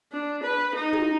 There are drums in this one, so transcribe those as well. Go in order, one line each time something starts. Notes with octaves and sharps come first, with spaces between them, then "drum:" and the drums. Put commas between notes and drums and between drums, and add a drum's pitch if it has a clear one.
D4
B4
D#4
drum: tom